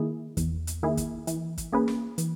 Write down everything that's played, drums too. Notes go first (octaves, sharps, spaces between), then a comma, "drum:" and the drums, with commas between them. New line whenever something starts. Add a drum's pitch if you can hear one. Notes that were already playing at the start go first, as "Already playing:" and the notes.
Already playing: D#3 A#3 E4 G#4
E2, drum: kick, hi-hat
drum: hi-hat
D#3 A#3 E4 G#4
drum: kick, hi-hat
E3, drum: hi-hat
drum: kick, hi-hat
A#3 C#4 G#4 B4
drum: snare
E3, drum: hi-hat